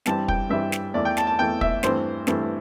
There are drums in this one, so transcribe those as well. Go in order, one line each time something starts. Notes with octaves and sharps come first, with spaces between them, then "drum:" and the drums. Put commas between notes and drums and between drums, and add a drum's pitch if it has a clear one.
G2 E3 G3 C4 A5, drum: snare
G5, drum: kick
G2 E3 G3 C4 E5
drum: snare
E2 E3 A3 D5
G5
A5, drum: snare
A5
E2 E3 A3 G5
E5, drum: kick
G2 E3 A3 C4 C5, drum: snare
G2 E3 A3 C4, drum: snare